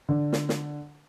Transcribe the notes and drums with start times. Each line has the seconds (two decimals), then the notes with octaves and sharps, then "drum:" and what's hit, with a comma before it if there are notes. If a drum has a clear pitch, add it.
0.09 D3
0.33 drum: snare
0.49 drum: snare